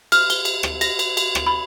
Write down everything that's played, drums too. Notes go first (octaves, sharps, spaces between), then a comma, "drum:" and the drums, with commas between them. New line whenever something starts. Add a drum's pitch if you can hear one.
F6, drum: cymbal
G7, drum: cymbal
drum: cymbal
drum: rim click
A#6, drum: cymbal
drum: cymbal
drum: cymbal
drum: rim click
B5